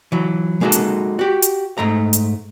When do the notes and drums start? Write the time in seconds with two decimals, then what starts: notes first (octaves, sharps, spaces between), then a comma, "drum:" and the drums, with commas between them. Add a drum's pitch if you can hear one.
0.12 E3 F#3
0.61 G#3 A#3 D#4 F#4 A4
0.72 drum: hi-hat
1.19 F#4 G4
1.42 drum: hi-hat
1.78 G#2 A3 A#5
2.13 drum: hi-hat